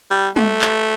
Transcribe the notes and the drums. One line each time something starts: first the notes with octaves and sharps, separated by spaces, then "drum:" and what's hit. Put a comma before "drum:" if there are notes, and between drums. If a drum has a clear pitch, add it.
G3
A3, drum: tom
drum: clap